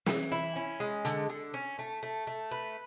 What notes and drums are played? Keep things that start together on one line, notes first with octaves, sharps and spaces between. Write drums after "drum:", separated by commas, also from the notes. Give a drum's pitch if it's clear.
E3, drum: snare
E4
C#4
G#3
D3, drum: hi-hat
D3
C#4
A3
A3
A3
B4